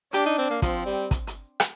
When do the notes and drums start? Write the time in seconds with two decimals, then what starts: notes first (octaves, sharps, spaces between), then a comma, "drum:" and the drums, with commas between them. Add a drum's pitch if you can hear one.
0.13 D4 G4, drum: hi-hat
0.26 D#4
0.38 C4
0.51 A#3
0.62 F3 C4, drum: kick, hi-hat
0.86 G3
1.11 drum: kick, hi-hat
1.27 drum: hi-hat
1.60 drum: rim click